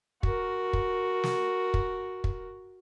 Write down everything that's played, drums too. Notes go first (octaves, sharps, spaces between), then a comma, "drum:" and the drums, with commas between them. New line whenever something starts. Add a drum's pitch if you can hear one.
F#4 A#4, drum: kick
drum: kick
drum: snare
drum: kick
drum: kick